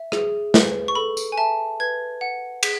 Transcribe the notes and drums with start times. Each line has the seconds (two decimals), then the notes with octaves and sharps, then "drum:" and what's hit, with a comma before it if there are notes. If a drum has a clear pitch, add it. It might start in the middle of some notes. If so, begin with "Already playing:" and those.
Already playing: E5
0.12 G#4, drum: rim click
0.54 B4, drum: snare
0.88 C#6
0.95 A4 B5
1.17 drum: tambourine
1.32 G#5
1.37 E5 A5
1.80 B4 G#6
2.21 F#5
2.63 G#4 B6, drum: cymbal